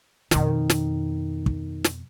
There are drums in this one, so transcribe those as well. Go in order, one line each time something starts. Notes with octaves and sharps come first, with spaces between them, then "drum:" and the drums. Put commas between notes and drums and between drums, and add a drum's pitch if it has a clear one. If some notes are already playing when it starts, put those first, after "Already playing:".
F2 B2 D#3, drum: snare
drum: snare
drum: kick
drum: snare